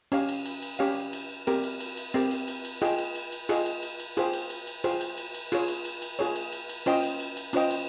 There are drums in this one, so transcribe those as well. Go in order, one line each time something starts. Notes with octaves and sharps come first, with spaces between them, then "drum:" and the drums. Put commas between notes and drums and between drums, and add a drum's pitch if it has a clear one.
C#4 G4 C#5 F5, drum: cymbal
drum: cymbal
drum: cymbal
drum: cymbal
C#4 G4 C#5 F5
drum: cymbal
C4 G4 A#4, drum: cymbal
drum: cymbal
drum: cymbal
drum: cymbal
C4 G4 A#4, drum: cymbal
drum: cymbal
drum: cymbal
drum: cymbal
F4 G#4 D#5 G5, drum: cymbal
drum: cymbal
drum: cymbal
drum: cymbal
F4 G#4 D#5 G5, drum: cymbal
drum: cymbal
drum: cymbal
drum: cymbal
F4 G#4 C5 G5, drum: cymbal
drum: cymbal
drum: cymbal
drum: cymbal
F4 G#4 C5 G5, drum: cymbal
drum: cymbal
drum: cymbal
drum: cymbal
F4 G#4 C#5, drum: cymbal
drum: cymbal
drum: cymbal
drum: cymbal
F4 G#4 C#5, drum: cymbal
drum: cymbal
drum: cymbal
drum: cymbal
C#4 F4 C5 D#5 G5, drum: cymbal
drum: cymbal
drum: cymbal
drum: cymbal
C#4 F4 C5 D#5 G5, drum: cymbal
drum: cymbal